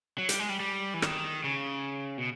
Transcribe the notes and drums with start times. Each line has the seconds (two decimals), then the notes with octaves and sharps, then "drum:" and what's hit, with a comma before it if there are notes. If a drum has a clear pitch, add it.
0.18 F#3
0.29 G3, drum: hi-hat
0.40 G#3
0.49 G3
0.60 G3
0.94 E3
1.02 D#3, drum: rim click
1.44 C#3
2.18 B2